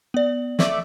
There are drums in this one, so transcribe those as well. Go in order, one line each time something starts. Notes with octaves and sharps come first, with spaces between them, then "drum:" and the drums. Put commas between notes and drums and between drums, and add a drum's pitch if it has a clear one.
B3 D5
A3 D5 E5, drum: snare